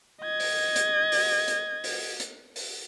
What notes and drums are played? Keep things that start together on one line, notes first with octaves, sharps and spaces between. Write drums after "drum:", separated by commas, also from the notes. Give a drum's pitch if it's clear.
D#5 G#6
drum: open hi-hat
drum: hi-hat
drum: open hi-hat
drum: hi-hat
drum: open hi-hat
drum: hi-hat
drum: open hi-hat